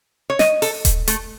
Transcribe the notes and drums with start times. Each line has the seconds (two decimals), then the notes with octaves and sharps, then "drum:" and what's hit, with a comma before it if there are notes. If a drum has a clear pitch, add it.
0.30 C#5
0.39 D#5, drum: snare
0.62 A4, drum: open hi-hat
0.85 drum: kick D#1, hi-hat
1.08 A3, drum: hi-hat